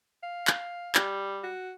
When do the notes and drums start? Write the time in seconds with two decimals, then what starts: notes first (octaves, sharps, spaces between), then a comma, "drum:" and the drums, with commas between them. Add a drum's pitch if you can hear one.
0.23 F5
0.47 drum: clap
0.95 G3, drum: clap
1.44 F#4